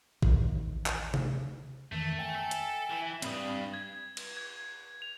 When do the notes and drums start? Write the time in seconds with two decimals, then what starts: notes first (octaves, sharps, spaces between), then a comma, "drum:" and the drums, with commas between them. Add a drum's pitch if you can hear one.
0.23 A1 D#2, drum: kick
0.86 drum: clap
1.14 drum: tom C3
1.92 F2 D#3 E3 A3
2.19 E5 G5 G#5
2.35 A4
2.51 drum: hi-hat
2.91 E3 E4
3.22 D2 G2 C4 B5 D#6, drum: hi-hat
3.74 G#6
4.17 drum: cymbal
4.37 G#6
5.02 F7